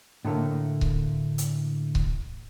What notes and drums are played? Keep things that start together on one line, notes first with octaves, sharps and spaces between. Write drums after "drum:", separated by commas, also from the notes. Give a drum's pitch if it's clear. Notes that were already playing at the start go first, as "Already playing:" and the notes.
A2 D3 A3 A#3
drum: kick C#1
drum: hi-hat
drum: kick C#1